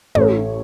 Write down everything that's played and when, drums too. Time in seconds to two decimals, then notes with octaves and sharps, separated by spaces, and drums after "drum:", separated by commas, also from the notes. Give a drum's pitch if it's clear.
0.15 A1 A4 C#5, drum: tom